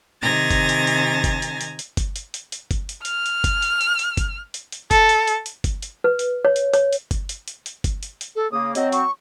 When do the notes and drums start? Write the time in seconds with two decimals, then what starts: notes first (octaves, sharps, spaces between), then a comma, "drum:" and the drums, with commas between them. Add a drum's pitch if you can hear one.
0.22 C3 D#3 G#5 A#5 A6 A#6
0.51 drum: kick G1, hi-hat
0.69 drum: hi-hat
0.87 drum: hi-hat
1.24 drum: kick G1, hi-hat
1.42 drum: hi-hat
1.61 drum: hi-hat
1.79 drum: hi-hat
1.97 drum: kick G1, hi-hat
2.16 drum: hi-hat
2.34 drum: hi-hat
2.52 drum: hi-hat
2.71 drum: kick G1, hi-hat
2.89 drum: hi-hat
3.05 F6, drum: hi-hat
3.26 drum: hi-hat
3.44 drum: kick G1, hi-hat
3.62 drum: hi-hat
3.81 drum: hi-hat
3.99 drum: hi-hat
4.17 drum: kick G1, hi-hat
4.54 drum: hi-hat
4.72 drum: hi-hat
4.91 A4, drum: kick G1, hi-hat
5.09 drum: hi-hat
5.27 drum: hi-hat
5.46 drum: hi-hat
5.64 drum: kick G1, hi-hat
5.82 drum: hi-hat
6.04 B4
6.19 drum: hi-hat
6.45 C#5
6.56 drum: hi-hat
6.73 C#5, drum: hi-hat
6.93 drum: hi-hat
7.11 drum: kick G1, hi-hat
7.29 drum: hi-hat
7.48 drum: hi-hat
7.66 drum: hi-hat
7.84 drum: kick G1, hi-hat
8.03 drum: hi-hat
8.21 drum: hi-hat
8.36 A4
8.52 C#3 A#3 D#6
8.75 F#3 C4 D#5, drum: hi-hat
8.92 C#6, drum: hi-hat